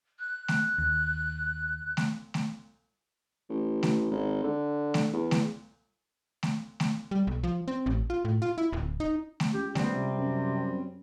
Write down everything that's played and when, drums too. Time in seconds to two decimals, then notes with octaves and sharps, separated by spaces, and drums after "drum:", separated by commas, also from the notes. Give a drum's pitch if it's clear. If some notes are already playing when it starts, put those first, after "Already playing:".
0.19 F#6
0.48 drum: snare A3
0.78 D#2
1.97 drum: snare A3
2.34 drum: snare A3
3.50 A1
3.83 drum: snare A3
4.11 G#1
4.43 D3
4.94 drum: snare A3
5.13 E2
5.31 drum: snare A3
6.43 drum: snare A3
6.80 drum: snare A3
7.11 G3
7.27 B1
7.44 F3
7.68 C4
7.86 A1
8.10 F4
8.25 A2
8.42 F4
8.58 E4
8.73 D1
9.00 D#4
9.40 drum: snare A3
9.54 C#2 G4
9.75 G3 B3 C4, drum: snare A3
9.91 C3
10.18 F#2